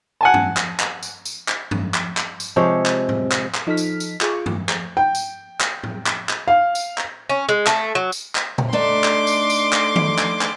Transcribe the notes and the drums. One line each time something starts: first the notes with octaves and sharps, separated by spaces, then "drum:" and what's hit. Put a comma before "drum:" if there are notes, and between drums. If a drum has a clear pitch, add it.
F#5 G#5 A5
drum: tom
drum: clap
drum: clap
drum: tambourine
drum: tambourine
drum: clap
drum: tom
drum: clap
drum: clap
drum: tambourine
C3 F3 G#3 C#5
drum: clap
drum: tom
drum: clap
drum: clap
F3 D#4 A4 F6 B6
drum: tambourine
drum: tambourine
F4 G#4 C#6 D6, drum: clap
drum: tom
drum: clap
G5
drum: tambourine
drum: clap
drum: tom
drum: clap
drum: clap
F5
drum: tambourine
drum: clap
C#4
G#3
A3, drum: clap
F#3
drum: tambourine
drum: clap
drum: tom A#2
A3 D4 D#4 C6 D6
drum: clap
drum: tambourine
drum: tambourine
drum: clap
drum: tom D#3
drum: clap
drum: clap